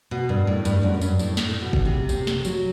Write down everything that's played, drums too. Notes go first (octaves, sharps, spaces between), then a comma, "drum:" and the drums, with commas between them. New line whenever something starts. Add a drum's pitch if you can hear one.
B2
G2
A2
G2, drum: tambourine
F#2
G2, drum: tambourine
A2, drum: tambourine
A2, drum: snare
B2
drum: kick
C3
C3, drum: tambourine
drum: snare
F#3, drum: tambourine